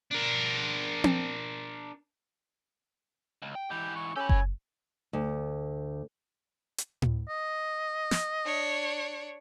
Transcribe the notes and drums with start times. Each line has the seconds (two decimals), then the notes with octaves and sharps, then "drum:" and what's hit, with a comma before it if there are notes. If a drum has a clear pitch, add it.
0.11 D4 A#4
1.04 drum: tom C4
3.42 C#2
3.55 G5
3.70 G#2 E3 G4
3.96 C#6
4.16 C#4 G4 A4 B5
4.29 G#5, drum: kick F#1
5.13 D2
6.78 drum: hi-hat
7.02 drum: tom A2
7.29 D#5
8.11 drum: snare
8.45 D4 C#5